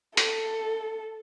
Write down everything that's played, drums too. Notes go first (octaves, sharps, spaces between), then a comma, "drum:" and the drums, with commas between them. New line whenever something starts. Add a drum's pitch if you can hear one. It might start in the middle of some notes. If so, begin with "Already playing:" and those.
A4, drum: hi-hat